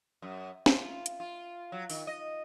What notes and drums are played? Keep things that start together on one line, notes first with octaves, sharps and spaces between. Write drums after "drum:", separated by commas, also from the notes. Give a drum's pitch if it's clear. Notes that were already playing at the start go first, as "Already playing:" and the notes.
F#2
F4, drum: snare
drum: hi-hat
F4
F#3
D#3, drum: open hi-hat
D#5